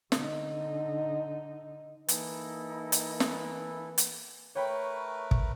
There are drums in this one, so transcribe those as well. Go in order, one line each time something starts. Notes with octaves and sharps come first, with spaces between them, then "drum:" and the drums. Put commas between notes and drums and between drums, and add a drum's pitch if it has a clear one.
D3 D#4, drum: snare
E3 A#3 D#4 E4 A4, drum: hi-hat
drum: hi-hat
drum: snare
drum: hi-hat
A3 A#4 B4 C#5 G5 B5
drum: kick